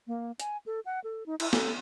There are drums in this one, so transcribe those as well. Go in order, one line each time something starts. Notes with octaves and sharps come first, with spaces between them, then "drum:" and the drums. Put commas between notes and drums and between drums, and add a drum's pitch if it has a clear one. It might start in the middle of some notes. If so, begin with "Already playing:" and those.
A#3
G#5, drum: hi-hat
A4
F#5
A4
D#4
E4, drum: cymbal
A4, drum: snare